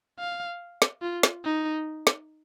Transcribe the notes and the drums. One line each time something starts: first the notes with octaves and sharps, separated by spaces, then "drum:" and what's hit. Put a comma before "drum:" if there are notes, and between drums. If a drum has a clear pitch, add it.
F5
drum: snare
F4
drum: snare
D#4
drum: snare